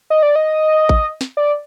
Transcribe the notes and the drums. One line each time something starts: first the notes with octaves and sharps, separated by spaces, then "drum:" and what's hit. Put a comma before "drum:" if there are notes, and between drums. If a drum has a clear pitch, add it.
D#5
D5
D#5
drum: kick A1
drum: snare
D5